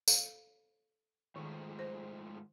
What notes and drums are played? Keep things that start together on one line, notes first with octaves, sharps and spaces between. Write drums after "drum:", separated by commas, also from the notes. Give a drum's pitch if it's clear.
A4 F5, drum: tambourine
G#2 D#3 F3 A3
C5